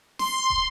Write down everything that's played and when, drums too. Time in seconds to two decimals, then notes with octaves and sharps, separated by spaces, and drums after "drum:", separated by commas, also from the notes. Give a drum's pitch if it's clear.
0.19 C6, drum: snare
0.50 drum: kick